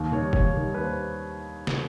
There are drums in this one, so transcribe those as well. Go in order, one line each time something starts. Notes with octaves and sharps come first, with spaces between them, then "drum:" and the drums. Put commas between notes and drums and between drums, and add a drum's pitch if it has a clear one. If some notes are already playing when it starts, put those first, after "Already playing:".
Already playing: D#2
D#3 G3 C#5
D#2 C#5, drum: kick F#1
D#3 G3
D#2 B4
C5
drum: snare